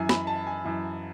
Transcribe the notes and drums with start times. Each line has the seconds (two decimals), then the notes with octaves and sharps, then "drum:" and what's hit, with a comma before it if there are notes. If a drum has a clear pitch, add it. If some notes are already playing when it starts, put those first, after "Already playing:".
Already playing: F#2 E3 G#5
0.09 B5, drum: snare
0.27 A5
0.47 G#5
0.64 F#2 E3